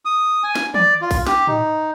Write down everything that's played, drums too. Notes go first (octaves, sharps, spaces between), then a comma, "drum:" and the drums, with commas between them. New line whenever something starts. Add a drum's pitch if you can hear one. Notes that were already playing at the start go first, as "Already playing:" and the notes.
D#6
G#5
drum: snare
D5, drum: tom
F4
drum: kick, open hi-hat
G4, drum: snare
D#4, drum: tom